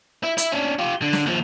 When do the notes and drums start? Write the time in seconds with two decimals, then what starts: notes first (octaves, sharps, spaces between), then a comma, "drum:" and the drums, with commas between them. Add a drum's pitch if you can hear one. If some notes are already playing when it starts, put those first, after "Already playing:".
0.23 E4
0.38 E4, drum: hi-hat
0.52 C#4 D4
0.79 F4 G4
1.02 D3
1.13 drum: snare
1.26 D#2 F3